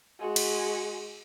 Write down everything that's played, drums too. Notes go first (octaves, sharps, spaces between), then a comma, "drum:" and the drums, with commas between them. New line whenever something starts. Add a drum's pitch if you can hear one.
G#3 F#4
drum: cymbal